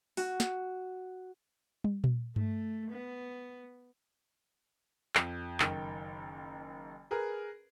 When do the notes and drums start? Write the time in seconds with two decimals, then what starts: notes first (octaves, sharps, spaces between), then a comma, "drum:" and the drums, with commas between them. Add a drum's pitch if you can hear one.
0.17 F#4, drum: open hi-hat
0.40 drum: snare
1.84 drum: tom
2.04 drum: tom A#2
2.36 A3, drum: tom G2
2.91 B3
5.15 F2, drum: clap
5.60 F#1 D#3 G5, drum: clap
7.11 G#4 A#4 B4